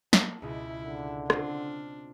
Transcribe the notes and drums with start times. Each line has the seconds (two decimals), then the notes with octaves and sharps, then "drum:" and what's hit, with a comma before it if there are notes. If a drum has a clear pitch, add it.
0.13 A#3 A5, drum: snare
0.42 C#2 B2 E4
0.84 D3
1.30 C4 D4 F4 C5, drum: rim click